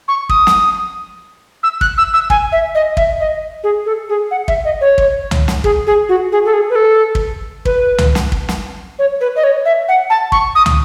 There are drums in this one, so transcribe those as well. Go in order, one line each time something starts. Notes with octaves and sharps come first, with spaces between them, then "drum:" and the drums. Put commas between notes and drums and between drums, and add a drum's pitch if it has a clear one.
C#6
D#6, drum: kick
drum: snare
E6
F#6, drum: kick
E6
E6
G#5, drum: kick
E5
D#5
E5, drum: kick
D#5
G#4
A4
G#4
F#5
E5, drum: kick
D#5
C#5
drum: kick
drum: tom
drum: snare
G#4, drum: kick
G#4
F#4
G#4
A4
G#4
B4
A4
drum: kick
B4, drum: kick
drum: tom
drum: snare
drum: kick
drum: snare
C#5
B4
D#5
C#5
E5
F#5
A5
C#6, drum: kick
D#6
drum: tom